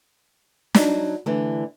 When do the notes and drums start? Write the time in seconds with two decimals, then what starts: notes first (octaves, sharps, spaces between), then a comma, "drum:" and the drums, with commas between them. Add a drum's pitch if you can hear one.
0.75 F#3 D4 D#4, drum: snare
1.26 D3 E3 A3